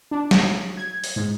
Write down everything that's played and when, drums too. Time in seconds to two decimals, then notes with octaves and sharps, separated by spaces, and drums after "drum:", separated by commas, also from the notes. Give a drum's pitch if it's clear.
0.11 D4
0.31 F#3, drum: snare
0.77 G#6
1.04 drum: open hi-hat
1.16 G#2